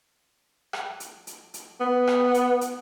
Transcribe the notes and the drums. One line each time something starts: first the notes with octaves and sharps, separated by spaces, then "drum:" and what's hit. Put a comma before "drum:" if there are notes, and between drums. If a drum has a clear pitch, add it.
drum: rim click
drum: hi-hat
drum: hi-hat
drum: hi-hat
B3
drum: rim click
drum: hi-hat
drum: hi-hat